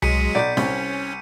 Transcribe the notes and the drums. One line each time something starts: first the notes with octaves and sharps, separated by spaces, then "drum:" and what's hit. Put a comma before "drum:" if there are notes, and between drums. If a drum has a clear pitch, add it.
F#3 G#3 B6 C#7 D#7, drum: tom C2
B1 D5 G6 B6
C2 C#4, drum: snare